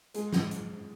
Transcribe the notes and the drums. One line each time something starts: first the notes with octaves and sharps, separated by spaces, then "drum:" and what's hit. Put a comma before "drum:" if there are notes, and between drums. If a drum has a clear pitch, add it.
G#3, drum: hi-hat
drum: snare
drum: hi-hat